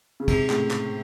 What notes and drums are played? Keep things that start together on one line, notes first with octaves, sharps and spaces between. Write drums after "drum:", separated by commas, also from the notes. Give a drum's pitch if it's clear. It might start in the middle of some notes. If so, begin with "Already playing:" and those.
C#3
G#2 C3, drum: kick, cymbal
A2 C#3, drum: clap
drum: clap